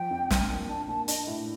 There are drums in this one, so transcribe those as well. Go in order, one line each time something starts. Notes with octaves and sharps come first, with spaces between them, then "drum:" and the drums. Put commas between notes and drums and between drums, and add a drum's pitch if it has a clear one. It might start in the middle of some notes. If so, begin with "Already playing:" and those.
Already playing: F3 G5
F2
D4, drum: snare
A#2
D4 A5
A#2 A5
D4 D#5, drum: hi-hat
A2